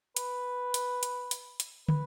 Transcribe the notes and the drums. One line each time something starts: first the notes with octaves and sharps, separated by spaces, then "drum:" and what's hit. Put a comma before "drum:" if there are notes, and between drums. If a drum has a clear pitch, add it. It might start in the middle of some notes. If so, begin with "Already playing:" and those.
B4, drum: hi-hat
drum: hi-hat
drum: hi-hat
drum: hi-hat
drum: hi-hat
B4, drum: tom